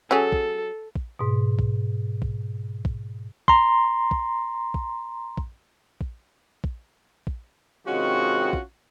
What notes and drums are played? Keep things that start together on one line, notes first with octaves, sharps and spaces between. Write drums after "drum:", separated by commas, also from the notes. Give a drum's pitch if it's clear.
F#3 C#4 G#4 A4
drum: kick
drum: kick
G#2 B2
drum: kick
drum: kick
drum: kick
A#5 C6, drum: kick
drum: kick
drum: kick
drum: kick
drum: kick
drum: kick
drum: kick
C3 D#3 G#3 C#4 F4 F#4
drum: kick